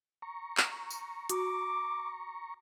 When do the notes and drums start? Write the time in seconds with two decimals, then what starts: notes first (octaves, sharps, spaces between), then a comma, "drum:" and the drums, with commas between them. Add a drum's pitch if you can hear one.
0.22 A#5 C#6
0.57 drum: clap
0.90 drum: tambourine
1.30 F#4 D6, drum: hi-hat